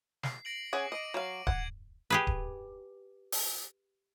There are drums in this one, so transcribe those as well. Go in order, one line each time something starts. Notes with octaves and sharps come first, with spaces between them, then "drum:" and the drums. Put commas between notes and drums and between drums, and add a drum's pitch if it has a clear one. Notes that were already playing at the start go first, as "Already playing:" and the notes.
C7, drum: snare
A#6 D7 F#7
C#4 G#4 F#5 D6
D#5 D7 D#7
F#3 F5 F#7
F#5 G#6, drum: kick D1
G4 G#4 B4
drum: kick D1
drum: open hi-hat